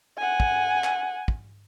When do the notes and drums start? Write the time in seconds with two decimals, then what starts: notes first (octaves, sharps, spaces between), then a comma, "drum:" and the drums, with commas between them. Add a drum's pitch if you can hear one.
0.18 F#5 G#5
0.40 drum: kick
0.84 drum: clap
1.28 drum: kick